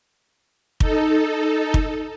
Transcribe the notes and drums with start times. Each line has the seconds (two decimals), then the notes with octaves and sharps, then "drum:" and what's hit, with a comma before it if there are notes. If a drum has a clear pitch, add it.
0.80 D#4 A4, drum: kick
1.74 drum: kick